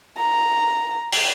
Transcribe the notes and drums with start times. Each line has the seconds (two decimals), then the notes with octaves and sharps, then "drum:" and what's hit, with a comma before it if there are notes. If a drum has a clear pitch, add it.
0.17 A#5
1.12 drum: open hi-hat